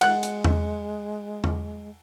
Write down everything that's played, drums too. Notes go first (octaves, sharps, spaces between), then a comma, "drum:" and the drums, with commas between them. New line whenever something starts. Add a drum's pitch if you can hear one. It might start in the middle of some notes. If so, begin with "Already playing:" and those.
G#3 F#5 F#6, drum: cymbal
drum: hi-hat
drum: tom E2
drum: tom E2